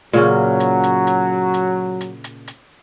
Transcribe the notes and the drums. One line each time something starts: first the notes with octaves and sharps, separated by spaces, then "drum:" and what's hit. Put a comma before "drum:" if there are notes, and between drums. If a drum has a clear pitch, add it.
A#2 C#3 F#3 C#4, drum: hi-hat
drum: hi-hat
drum: hi-hat
drum: hi-hat
drum: hi-hat
drum: hi-hat
drum: hi-hat
drum: hi-hat